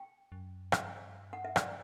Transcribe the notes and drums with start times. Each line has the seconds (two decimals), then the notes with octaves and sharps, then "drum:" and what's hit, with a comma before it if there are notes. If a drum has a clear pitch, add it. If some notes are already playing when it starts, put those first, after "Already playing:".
Already playing: G5
0.32 F#2
0.72 G2 E5, drum: rim click
1.33 F#5
1.45 E5
1.56 D5, drum: rim click